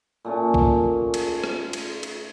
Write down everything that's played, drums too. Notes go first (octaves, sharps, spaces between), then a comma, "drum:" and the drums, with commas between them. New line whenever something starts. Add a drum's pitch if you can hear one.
A#2 A3 C#4
drum: kick
drum: cymbal
drum: rim click
drum: cymbal
drum: cymbal